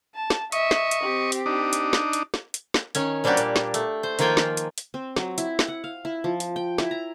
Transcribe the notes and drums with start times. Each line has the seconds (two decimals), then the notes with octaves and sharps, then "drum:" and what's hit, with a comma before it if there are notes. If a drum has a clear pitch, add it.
0.15 A5
0.30 drum: snare
0.52 D#5 E5 C#6, drum: hi-hat
0.71 drum: snare
0.91 drum: hi-hat
1.03 C4 G4
1.32 drum: hi-hat
1.46 D4 D#4
1.73 drum: hi-hat
1.93 drum: snare
2.13 drum: hi-hat
2.34 drum: snare
2.54 drum: hi-hat
2.74 drum: snare
2.95 D#3 C#4 C#5, drum: hi-hat
3.24 F3 G3 A#3 D4 F#4 G4
3.37 A#2, drum: hi-hat
3.56 drum: snare
3.74 A3, drum: hi-hat
4.03 C5
4.19 D#3 F3 A#3 F4 G5 G#5, drum: hi-hat
4.37 drum: snare
4.57 drum: hi-hat
4.78 drum: hi-hat
4.94 C4
5.16 F#3, drum: snare
5.38 E4, drum: hi-hat
5.59 drum: snare
5.68 F#5
5.84 F5
6.05 E4
6.24 F3
6.40 drum: hi-hat
6.56 G5
6.78 E4, drum: snare
6.91 A#5